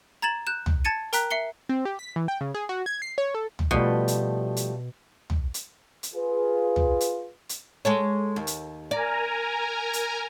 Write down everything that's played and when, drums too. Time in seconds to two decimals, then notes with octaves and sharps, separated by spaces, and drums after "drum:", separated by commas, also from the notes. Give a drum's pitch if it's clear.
0.22 A#5 G#6 A6 E7 F#7
0.47 F#6 G6 E7
0.66 drum: tom
0.85 A5 G#6 A6 C#7 D#7
1.13 A#4 G5 A#5 F#6 B6, drum: hi-hat
1.31 E5 C7 C#7 G7
1.69 C4
1.85 G4
1.99 B6
2.16 E3
2.28 G5
2.41 C#3
2.54 G#4
2.69 F#4
2.86 G#6
3.02 C7
3.18 C#5
3.35 A4
3.59 drum: tom
3.71 B2 F3 G3 A3
4.08 drum: hi-hat
4.57 drum: hi-hat
5.30 drum: tom
5.54 drum: hi-hat
6.03 drum: hi-hat
6.14 F4 G#4 B4
6.76 drum: tom
7.01 drum: hi-hat
7.49 drum: hi-hat
7.85 G#3 A4 C#5
8.36 D#2
8.47 drum: hi-hat
8.91 A#4 D5 G#5 A#5
9.93 drum: hi-hat